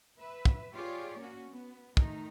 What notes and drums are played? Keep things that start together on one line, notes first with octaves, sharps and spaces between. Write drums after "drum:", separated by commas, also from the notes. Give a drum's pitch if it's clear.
B4 E5
drum: kick
F4 G4 G#4 C#5 D5
A#3 C#4 F#4
B3
D#3 A3 D#4, drum: kick